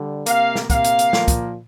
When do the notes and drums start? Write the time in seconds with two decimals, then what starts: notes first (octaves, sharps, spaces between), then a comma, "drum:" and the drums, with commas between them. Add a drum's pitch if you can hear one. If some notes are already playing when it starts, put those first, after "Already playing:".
Already playing: D3 G3
0.26 C3 A#3 F5, drum: hi-hat
0.56 drum: snare
0.70 C3 A#3 F5, drum: kick, hi-hat
0.84 drum: hi-hat
0.99 drum: hi-hat
1.13 A#2 F3 A#3, drum: snare
1.28 drum: kick, hi-hat